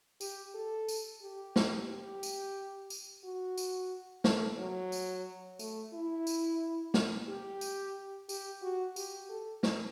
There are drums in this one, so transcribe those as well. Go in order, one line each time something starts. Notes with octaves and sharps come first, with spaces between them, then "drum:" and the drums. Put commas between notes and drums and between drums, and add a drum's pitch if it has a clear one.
G4, drum: tambourine
A4
drum: tambourine
G4
drum: snare
G4
drum: tambourine
drum: tambourine
F#4
drum: tambourine
A3, drum: snare
F#3
drum: tambourine
A3, drum: tambourine
E4
drum: tambourine
drum: snare
G4
drum: tambourine
G4, drum: tambourine
F#4
G4, drum: tambourine
A4
drum: snare